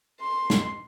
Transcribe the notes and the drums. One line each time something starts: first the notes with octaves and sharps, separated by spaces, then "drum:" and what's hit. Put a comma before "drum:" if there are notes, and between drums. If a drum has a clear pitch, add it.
C6
drum: snare